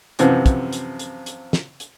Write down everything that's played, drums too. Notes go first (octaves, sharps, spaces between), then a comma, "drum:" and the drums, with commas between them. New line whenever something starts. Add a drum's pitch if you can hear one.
F#2 C3 E3 F3, drum: hi-hat
drum: kick, hi-hat
drum: hi-hat
drum: hi-hat
drum: hi-hat
drum: snare
drum: hi-hat